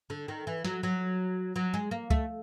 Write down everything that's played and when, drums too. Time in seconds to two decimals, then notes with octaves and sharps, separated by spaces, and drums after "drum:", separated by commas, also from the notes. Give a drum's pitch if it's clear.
0.10 D3
0.28 D#3
0.47 E3
0.65 F#3, drum: snare
0.83 F#3
1.56 F#3
1.74 G#3
1.91 A#3
2.10 A3, drum: kick C#2